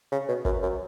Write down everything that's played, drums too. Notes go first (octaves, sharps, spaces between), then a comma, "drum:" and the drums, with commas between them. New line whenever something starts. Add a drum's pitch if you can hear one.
C#3
B2
F#2, drum: kick
F#2